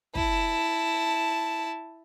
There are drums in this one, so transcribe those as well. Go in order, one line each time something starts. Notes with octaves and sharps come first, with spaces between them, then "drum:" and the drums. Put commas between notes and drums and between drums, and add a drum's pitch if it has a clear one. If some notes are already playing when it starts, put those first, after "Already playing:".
E4 A5, drum: kick